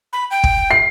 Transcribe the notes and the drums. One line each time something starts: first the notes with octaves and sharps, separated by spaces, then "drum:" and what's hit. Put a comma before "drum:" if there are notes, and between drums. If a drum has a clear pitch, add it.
B5
G5
drum: kick
C7